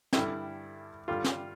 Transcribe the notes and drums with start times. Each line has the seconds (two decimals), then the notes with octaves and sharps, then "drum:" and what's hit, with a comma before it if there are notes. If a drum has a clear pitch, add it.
0.13 G2 D3 G3 E4, drum: snare
1.08 G2 D3 G3 F4
1.24 drum: snare